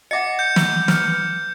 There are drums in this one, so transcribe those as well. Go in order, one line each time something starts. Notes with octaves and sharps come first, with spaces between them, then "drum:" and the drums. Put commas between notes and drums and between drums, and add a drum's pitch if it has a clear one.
D#5 E5 F#5 D6 C#7
G6 C#7
drum: snare
B4, drum: snare